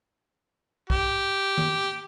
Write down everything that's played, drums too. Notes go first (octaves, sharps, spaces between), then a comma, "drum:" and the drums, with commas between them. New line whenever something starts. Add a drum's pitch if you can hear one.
G4, drum: kick
drum: tom D#3